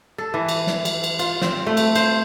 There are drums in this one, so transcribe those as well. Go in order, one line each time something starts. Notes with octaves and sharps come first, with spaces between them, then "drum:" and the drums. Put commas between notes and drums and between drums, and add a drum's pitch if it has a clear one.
A4
E3
drum: cymbal
drum: snare
drum: cymbal
drum: cymbal
F4, drum: cymbal
C4, drum: snare
A3
drum: cymbal
C5, drum: cymbal